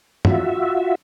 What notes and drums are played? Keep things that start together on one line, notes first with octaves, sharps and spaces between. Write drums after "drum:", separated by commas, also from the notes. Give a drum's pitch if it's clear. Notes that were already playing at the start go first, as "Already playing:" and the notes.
F4 F#4 E5, drum: tom